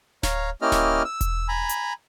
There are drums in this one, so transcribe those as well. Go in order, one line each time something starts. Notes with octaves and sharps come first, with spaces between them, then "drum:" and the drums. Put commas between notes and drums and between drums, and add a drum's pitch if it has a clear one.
C#5 F5 A#5, drum: snare D1
A#3 C#4 E4 G4 D#5 F6
drum: snare D1
E6
drum: kick E1, hi-hat
G#5 A#5 B5
drum: hi-hat